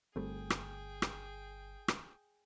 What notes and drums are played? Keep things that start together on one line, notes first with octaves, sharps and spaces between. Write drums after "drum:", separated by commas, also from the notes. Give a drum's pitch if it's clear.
G1 G3 A3 C4 G#4 G5
drum: rim click
drum: rim click
drum: rim click